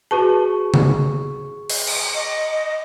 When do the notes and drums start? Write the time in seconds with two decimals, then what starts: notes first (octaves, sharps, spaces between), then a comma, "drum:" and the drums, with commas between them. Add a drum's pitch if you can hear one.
0.11 F#4 G#4 B4 A5 C#6
0.74 drum: tom C#3
1.70 drum: open hi-hat
1.87 drum: cymbal
2.15 D#5